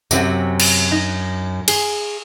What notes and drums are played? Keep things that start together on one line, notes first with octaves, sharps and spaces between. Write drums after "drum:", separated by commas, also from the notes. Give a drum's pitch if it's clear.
F#2 C3 F#3 C4, drum: tambourine
drum: cymbal
D#4
G#4, drum: cymbal